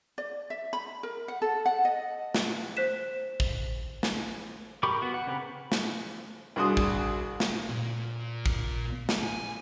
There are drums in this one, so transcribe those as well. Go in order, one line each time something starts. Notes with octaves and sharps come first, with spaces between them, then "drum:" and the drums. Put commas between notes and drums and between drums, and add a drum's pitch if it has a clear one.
D5
E5
B5
A#4
F#5
A4
F#5
D#5
drum: snare
C5 F#6 B6 E7
drum: kick
drum: snare
G4 A#4 B5 C#6 D6
B3 F#4
F#5
C#3 C4 A#4 B4
drum: snare
C2 D4 F#4 G#4 C6 D#6
drum: kick
drum: snare
A#2
drum: kick
drum: snare
G#5